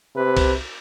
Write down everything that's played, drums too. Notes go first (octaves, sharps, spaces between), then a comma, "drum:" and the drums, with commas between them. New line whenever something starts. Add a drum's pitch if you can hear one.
C3 B4
drum: kick C2, cymbal